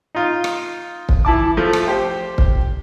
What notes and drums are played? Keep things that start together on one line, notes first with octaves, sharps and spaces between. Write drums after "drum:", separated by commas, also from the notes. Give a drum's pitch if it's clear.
D#4 F4
drum: rim click
drum: kick
E3 E4 A5 D6
F3 A3
drum: rim click
G4 C5 G5
drum: kick